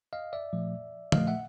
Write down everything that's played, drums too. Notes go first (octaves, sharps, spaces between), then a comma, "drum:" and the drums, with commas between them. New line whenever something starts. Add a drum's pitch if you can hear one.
D#5 F5
D5 E5
A#2 F3 A3
A#2 F3 A3 D#5 F5, drum: tom
E5 F#5